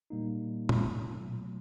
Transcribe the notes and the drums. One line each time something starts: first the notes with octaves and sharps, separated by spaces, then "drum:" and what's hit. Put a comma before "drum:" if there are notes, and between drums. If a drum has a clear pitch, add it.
A#2 G3 A#3 D#4
drum: tom A#2
B2 F#3 A3